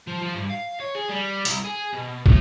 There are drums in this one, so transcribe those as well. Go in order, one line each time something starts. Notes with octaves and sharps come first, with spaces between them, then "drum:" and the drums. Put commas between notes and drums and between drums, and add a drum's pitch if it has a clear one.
F3
F3
G2
F5
C#5
G#4
G3
C2, drum: hi-hat
G#4
B2
A2, drum: kick